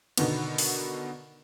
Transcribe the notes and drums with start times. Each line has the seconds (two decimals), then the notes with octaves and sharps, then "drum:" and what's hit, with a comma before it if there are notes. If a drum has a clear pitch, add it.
0.17 B2 D3 D#3 B3, drum: cymbal
0.58 drum: open hi-hat